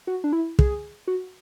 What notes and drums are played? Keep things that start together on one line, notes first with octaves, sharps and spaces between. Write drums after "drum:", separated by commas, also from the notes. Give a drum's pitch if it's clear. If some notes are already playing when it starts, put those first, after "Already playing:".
F#4
D4
E4
G#4, drum: kick
F#4